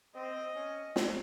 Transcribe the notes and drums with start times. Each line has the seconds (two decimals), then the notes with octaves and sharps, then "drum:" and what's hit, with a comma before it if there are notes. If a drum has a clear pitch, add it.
0.15 C4 D#5
0.56 C#4
0.96 drum: snare